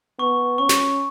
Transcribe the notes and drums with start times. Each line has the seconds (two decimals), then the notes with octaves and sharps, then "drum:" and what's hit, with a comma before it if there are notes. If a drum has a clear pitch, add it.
0.19 B3 C#6
0.58 C#4 C#6
0.69 drum: snare